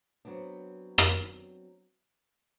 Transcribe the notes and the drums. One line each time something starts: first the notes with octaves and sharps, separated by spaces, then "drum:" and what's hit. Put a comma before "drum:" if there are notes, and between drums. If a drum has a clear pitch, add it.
F#3 B3 C4 D4
drum: rim click